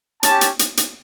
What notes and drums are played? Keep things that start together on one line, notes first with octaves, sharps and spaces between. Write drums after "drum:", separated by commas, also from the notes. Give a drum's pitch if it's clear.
C#4 G4 A5, drum: hi-hat
drum: hi-hat
drum: hi-hat
drum: hi-hat